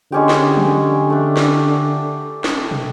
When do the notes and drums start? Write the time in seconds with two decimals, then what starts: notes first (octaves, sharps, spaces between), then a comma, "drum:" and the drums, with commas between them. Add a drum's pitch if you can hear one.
0.12 D3 G#3 C#4 G4
0.29 drum: snare
0.56 drum: tom E3
1.10 A3 D4
1.37 drum: snare
2.44 drum: snare
2.71 drum: tom